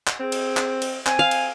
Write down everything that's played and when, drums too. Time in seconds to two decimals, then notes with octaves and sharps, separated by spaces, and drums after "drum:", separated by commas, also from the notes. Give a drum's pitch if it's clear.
0.07 drum: clap
0.20 C4 G#4
0.32 drum: cymbal
0.57 drum: clap
0.82 drum: cymbal
1.07 C4 G#5, drum: clap
1.19 F5
1.31 drum: cymbal